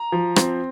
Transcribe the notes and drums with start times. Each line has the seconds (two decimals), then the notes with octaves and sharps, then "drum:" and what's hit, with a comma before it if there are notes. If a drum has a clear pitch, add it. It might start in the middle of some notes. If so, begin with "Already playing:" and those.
Already playing: A#5
0.12 F3
0.36 C4, drum: rim click